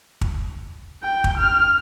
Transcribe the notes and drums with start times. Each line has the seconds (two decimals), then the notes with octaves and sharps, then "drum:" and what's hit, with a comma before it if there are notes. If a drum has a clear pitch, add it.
0.21 drum: kick
1.04 G5
1.24 drum: kick
1.38 F6